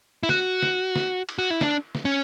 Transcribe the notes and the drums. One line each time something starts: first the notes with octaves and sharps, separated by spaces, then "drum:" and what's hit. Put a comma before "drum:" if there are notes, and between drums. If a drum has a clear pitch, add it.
E4
F#4, drum: snare
drum: snare
drum: snare
drum: cymbal
F#4
E4
D4, drum: snare
drum: snare
C#4